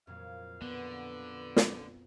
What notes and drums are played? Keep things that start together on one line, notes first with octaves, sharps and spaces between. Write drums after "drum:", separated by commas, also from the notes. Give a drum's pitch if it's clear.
F2 A#2 F#3 F5
D3 B3 B4
drum: snare